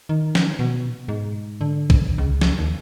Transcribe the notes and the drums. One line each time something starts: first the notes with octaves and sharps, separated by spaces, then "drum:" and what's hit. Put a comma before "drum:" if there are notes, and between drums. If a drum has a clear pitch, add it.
D#3
drum: snare
B2
G#2
D3
drum: kick
C#2
drum: snare
D#2